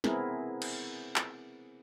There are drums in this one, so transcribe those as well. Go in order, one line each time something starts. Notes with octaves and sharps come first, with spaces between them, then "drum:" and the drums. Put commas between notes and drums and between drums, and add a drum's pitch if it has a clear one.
B3 C4 E4 G#4 A#4, drum: snare
drum: cymbal
drum: clap